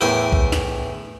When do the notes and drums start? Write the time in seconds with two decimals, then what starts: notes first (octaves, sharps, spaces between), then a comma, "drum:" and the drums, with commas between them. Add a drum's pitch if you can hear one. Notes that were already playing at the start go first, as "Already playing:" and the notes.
0.01 E2 A2 A#4 G5
0.32 drum: kick B1
0.52 drum: snare